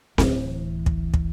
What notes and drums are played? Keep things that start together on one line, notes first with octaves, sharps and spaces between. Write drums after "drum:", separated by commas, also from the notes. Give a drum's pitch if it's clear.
D1 E3, drum: snare C4
drum: kick
drum: kick